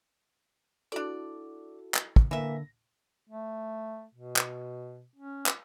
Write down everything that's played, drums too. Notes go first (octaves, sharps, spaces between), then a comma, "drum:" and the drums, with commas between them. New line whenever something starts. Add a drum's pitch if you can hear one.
D4 E4 F#4 A4 D5
drum: clap
drum: kick
D3 E3 A#3 E5 A#6
A3
B2
drum: clap
C#4
drum: clap